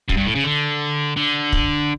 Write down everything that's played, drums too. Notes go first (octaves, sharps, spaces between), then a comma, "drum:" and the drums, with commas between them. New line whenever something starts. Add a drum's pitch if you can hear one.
F#2, drum: kick
G2
A2
C#3
D3
D3
drum: kick